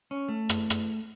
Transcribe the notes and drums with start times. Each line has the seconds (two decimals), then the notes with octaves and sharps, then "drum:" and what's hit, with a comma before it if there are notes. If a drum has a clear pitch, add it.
0.11 C#4
0.29 A3
0.49 drum: rim click
0.70 drum: rim click